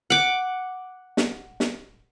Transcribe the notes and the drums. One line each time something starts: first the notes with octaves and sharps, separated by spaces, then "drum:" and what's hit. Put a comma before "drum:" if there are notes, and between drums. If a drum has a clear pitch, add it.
F#5 D6
drum: snare
drum: snare